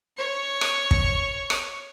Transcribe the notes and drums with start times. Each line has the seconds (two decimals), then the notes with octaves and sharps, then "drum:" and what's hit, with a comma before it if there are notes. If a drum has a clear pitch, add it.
0.17 C#5 C#6
0.61 drum: rim click
0.91 drum: kick
1.50 drum: rim click